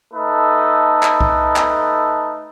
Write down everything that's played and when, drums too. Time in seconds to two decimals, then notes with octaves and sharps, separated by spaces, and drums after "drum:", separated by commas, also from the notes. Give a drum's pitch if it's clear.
0.14 A3 D#4 A4 B4
1.03 drum: clap
1.21 drum: kick B1
1.56 drum: clap